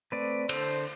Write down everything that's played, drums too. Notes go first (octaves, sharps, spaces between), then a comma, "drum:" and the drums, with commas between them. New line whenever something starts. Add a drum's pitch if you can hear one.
A3 C4 B4 D5
D3 A4 C5, drum: cymbal